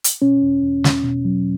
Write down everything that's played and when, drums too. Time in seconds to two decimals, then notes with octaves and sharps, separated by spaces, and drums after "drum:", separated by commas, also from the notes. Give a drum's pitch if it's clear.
0.04 drum: hi-hat
0.22 B2 C#4
0.42 E2
0.63 E2
0.84 E2, drum: snare
1.04 B2
1.25 F#3